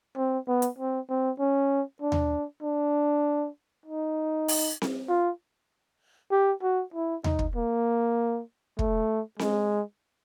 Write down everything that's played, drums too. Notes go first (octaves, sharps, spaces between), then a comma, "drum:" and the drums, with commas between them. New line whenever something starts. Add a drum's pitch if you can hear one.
C4
B3
drum: hi-hat
C4
C4
C#4
D4
drum: tom D#2
D4
D#4
drum: open hi-hat
drum: snare C4
F4
G4
F#4
E4
D#4, drum: tom D#2
drum: kick
A#3
A3, drum: kick
G#3, drum: snare C4